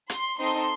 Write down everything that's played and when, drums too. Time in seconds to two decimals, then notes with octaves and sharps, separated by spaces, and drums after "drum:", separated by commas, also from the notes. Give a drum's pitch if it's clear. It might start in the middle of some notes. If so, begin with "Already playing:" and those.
0.10 C6, drum: hi-hat
0.39 C4 D#4 A4 C6